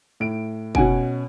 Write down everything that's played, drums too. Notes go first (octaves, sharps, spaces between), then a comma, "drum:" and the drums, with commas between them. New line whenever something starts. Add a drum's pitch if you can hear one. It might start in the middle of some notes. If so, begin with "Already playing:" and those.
A2 D7
B2 C#4 F#5 G#5 D7, drum: kick